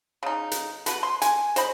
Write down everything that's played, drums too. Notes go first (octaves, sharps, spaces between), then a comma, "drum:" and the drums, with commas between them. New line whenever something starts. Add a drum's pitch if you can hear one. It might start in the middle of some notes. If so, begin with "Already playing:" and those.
C#3 D#4
drum: hi-hat
B2 B4, drum: hi-hat
C6
G#5, drum: hi-hat
C5 D#5 B5, drum: hi-hat